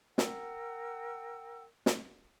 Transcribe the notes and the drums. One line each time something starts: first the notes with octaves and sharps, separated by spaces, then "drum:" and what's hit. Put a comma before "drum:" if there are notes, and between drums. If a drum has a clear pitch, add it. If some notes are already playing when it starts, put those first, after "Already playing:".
A#4 F#5 G5 E6, drum: snare
drum: snare